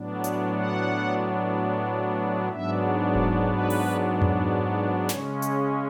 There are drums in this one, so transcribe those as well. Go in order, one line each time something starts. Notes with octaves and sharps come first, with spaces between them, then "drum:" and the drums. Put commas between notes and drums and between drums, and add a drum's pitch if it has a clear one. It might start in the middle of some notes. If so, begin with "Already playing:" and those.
Already playing: A2 F#3 B3 D4
D5, drum: hi-hat
F#5
G#2 F#3 B3 D4 E5
D5, drum: kick D#1
B4
drum: open hi-hat
drum: tom F2
C#3 G#3 C#4 C#5, drum: snare
C#5, drum: hi-hat